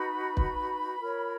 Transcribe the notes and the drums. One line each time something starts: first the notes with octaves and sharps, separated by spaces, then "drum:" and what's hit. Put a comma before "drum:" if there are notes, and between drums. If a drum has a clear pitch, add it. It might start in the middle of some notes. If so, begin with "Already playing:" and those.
Already playing: D#4 F#4 B4 B5
drum: kick
F4 A#4 C#5